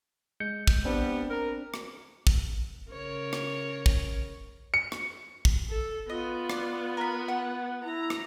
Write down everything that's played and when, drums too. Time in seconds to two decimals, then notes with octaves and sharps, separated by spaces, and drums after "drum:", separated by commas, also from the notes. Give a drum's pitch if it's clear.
0.40 G#3 G6 C#7
0.67 drum: kick
0.85 G3 B3 C4 D4
1.31 A#4
1.74 drum: rim click
2.27 drum: kick
2.90 C#3 A#4 C#5
3.33 drum: rim click
3.86 drum: kick
4.74 C#7
4.92 drum: rim click
5.45 drum: kick
5.69 A4
6.10 B3 F4 D#5
6.50 D5, drum: rim click
6.97 A#4 B5
7.28 F#5
7.84 E4 A#5
8.10 drum: rim click